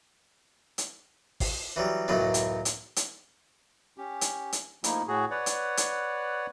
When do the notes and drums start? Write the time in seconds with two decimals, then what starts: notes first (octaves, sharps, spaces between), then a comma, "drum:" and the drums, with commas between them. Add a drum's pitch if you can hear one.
0.78 drum: hi-hat
1.40 drum: kick G#1, open hi-hat
1.76 E3 F#3 G3
2.08 C#2 F#2 A2 E3 F#3 B3
2.34 drum: hi-hat
2.65 drum: hi-hat
2.96 drum: hi-hat
3.98 C#4 G4
4.21 drum: hi-hat
4.53 drum: hi-hat
4.84 F3 A3 A#3 D#4 E4, drum: hi-hat
5.08 A2 F#4 G#4
5.31 B4 C#5 D5 F#5
5.46 drum: hi-hat
5.77 drum: hi-hat